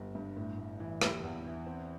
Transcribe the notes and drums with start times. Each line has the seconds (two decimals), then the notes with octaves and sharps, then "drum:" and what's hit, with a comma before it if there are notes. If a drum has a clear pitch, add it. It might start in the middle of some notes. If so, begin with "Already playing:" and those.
Already playing: G1 G3
0.15 G2
0.37 A2
0.58 A2
0.80 E3
1.01 G4, drum: rim click
1.23 E2
1.45 E3
1.66 C4